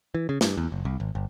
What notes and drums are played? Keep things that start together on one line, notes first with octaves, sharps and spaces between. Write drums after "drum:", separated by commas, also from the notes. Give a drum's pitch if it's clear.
E3
C#3
G2, drum: snare
E2
F#1
C2
G#1
G1